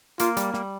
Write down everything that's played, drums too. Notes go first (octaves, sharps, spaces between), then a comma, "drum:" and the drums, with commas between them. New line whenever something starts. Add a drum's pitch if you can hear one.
A#3 F4, drum: hi-hat
G3, drum: hi-hat
G3, drum: snare